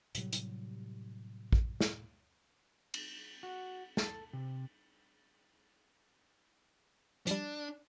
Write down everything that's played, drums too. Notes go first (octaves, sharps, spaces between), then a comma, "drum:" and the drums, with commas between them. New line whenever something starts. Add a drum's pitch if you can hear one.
A2 C3 F#3 G3, drum: hi-hat
drum: hi-hat
drum: kick A1
drum: snare
drum: cymbal
F#4
A4, drum: snare
C3
F3 G3 D4, drum: hi-hat